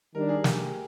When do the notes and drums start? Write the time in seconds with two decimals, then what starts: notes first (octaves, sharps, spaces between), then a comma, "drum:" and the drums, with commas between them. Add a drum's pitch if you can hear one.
0.14 D#3 G3 D4 A#4
0.29 G#4
0.44 G4, drum: snare